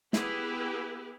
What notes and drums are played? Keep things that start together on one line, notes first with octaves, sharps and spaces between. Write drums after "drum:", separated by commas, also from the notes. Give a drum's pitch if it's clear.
B3 E4 G4 G#4 B4, drum: snare